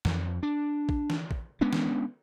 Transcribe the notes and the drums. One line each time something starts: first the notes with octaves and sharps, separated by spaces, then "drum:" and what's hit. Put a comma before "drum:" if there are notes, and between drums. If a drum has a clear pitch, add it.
F2, drum: snare
D4
drum: kick
drum: snare
drum: kick
G#3 B3 C#4 D4
drum: snare